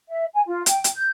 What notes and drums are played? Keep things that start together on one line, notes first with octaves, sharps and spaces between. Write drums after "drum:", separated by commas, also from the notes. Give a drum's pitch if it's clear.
E5
G#5
F4
G5, drum: hi-hat
drum: hi-hat
G6